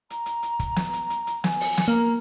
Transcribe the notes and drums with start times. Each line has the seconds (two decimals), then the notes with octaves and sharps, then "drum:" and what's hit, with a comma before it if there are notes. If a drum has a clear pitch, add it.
0.10 A#5, drum: hi-hat
0.26 drum: hi-hat
0.43 drum: hi-hat
0.60 drum: kick, hi-hat
0.76 drum: snare
0.93 drum: hi-hat
1.10 drum: hi-hat
1.27 drum: hi-hat
1.44 G#5, drum: snare
1.61 drum: open hi-hat
1.78 drum: snare
1.88 A#3 A#5